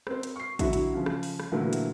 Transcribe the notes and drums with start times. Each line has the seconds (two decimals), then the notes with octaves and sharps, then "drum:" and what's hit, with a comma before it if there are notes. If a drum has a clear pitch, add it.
0.07 C4 A#4 C5, drum: rim click
0.23 drum: hi-hat
0.36 C#6 C7
0.59 D3 F#3 E4 F#4, drum: kick A#1, hi-hat
0.73 drum: hi-hat
0.94 C#3 F3
1.06 drum: rim click
1.23 drum: open hi-hat
1.39 drum: rim click
1.52 A#2 D3 E3 F#3 A3 E4
1.73 drum: hi-hat